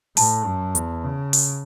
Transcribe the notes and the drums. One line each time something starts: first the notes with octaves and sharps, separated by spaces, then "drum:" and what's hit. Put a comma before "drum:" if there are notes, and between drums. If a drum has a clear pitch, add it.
A2 A5, drum: open hi-hat
F#2
E2, drum: hi-hat
C#3
drum: open hi-hat